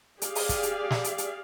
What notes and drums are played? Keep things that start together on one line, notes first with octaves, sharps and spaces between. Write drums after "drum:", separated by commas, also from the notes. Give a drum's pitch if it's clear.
G4 G#4 D5 F5, drum: hi-hat
drum: open hi-hat
drum: kick, hi-hat
drum: hi-hat
drum: snare
drum: hi-hat
drum: hi-hat